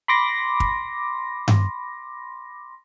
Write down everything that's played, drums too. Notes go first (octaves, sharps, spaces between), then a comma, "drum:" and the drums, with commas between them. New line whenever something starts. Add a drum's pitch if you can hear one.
B5 C6 D6 A#6
drum: kick
drum: tom G2